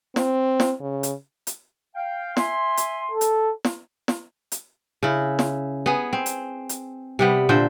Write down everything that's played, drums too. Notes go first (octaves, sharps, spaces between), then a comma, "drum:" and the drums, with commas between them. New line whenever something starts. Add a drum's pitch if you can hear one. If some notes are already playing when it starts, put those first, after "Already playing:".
C4, drum: snare
drum: snare
C#3
drum: hi-hat
drum: hi-hat
F5 G5
E5 G#5 C6, drum: snare
drum: hi-hat
A4
drum: hi-hat
drum: snare
drum: snare
drum: hi-hat
C#3 E4
drum: snare
B3 G#4
C4
drum: hi-hat
drum: hi-hat
C3 G3 B3
A#2 D3 C5 E5